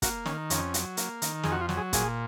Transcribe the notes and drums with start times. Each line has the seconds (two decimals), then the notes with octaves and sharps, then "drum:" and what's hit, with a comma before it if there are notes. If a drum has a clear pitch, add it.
0.02 A#3 F#4, drum: kick, hi-hat
0.26 D#3 C#4, drum: snare
0.50 F2 C#4, drum: hi-hat
0.74 F#3, drum: hi-hat
0.97 A#3, drum: hi-hat
1.22 D#3, drum: hi-hat
1.43 F2 G#4, drum: snare
1.52 F#4
1.61 F4
1.69 F#3, drum: snare
1.77 G#4
1.93 A#2 G#4, drum: kick, hi-hat